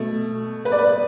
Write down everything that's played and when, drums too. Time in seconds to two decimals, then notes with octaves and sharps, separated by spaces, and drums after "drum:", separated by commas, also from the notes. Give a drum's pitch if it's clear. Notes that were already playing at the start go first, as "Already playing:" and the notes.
Already playing: B2 A3
0.65 B4, drum: open hi-hat
0.72 D5
0.79 B4